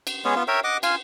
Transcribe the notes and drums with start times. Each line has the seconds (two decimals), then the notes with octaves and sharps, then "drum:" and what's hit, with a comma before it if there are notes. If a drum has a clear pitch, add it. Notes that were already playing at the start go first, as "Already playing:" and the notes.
0.07 drum: cymbal
0.25 G#3 B3 C#4 G#4
0.36 B3 F4
0.48 A#4 C#5 E5 G5
0.64 D#5 F#5 D6
0.83 F4 F5 G#5, drum: cymbal